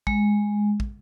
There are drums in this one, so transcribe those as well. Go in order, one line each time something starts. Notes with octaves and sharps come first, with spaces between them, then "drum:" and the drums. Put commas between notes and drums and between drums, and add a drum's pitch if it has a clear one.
G#3, drum: kick
drum: kick